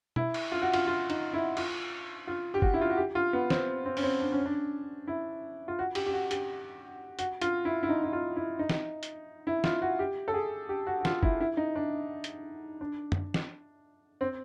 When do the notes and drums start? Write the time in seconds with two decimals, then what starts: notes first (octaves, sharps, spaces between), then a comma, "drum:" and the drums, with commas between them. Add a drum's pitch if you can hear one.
0.16 E4, drum: tom B2
0.34 drum: cymbal
0.52 F4
0.62 F#4
0.73 F4, drum: cymbal
0.87 F4
1.10 D#4, drum: cymbal
1.33 E4
1.57 F4, drum: cymbal
2.27 F4
2.54 G4
2.62 F#4, drum: kick
2.74 E4
2.81 F4
2.90 F#4
2.97 G4
3.15 F4
3.33 B3
3.50 C4, drum: snare
3.85 C4
3.97 C#4, drum: open hi-hat
4.03 C4
4.20 D4
4.32 C#4
4.45 D4
5.07 E4
5.68 F4
5.79 F#4
5.95 G4, drum: cymbal
6.06 G4
6.13 F#4
6.31 G4, drum: hi-hat
7.19 F#4, drum: hi-hat
7.41 F4, drum: hi-hat
7.65 E4
7.83 E4
7.89 D#4
8.04 E4
8.13 F4
8.36 E4
8.59 D#4
8.69 drum: snare
9.03 drum: hi-hat
9.47 E4
9.64 F4, drum: snare
9.82 F#4
9.99 G4
10.28 A4
10.34 G#4
10.69 G4
10.87 F#4
11.01 F#4
11.05 F4, drum: snare
11.23 E4, drum: kick
11.40 E4
11.57 D#4
11.75 D4
12.24 drum: hi-hat
12.81 D4
13.12 drum: tom F#2
13.34 drum: snare
14.21 C4